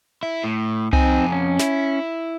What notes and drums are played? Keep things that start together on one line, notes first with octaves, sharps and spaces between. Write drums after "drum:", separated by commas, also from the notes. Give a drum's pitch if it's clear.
E4
A2
F2 C4 D#4 G#5, drum: tom C2
C#4
E4, drum: snare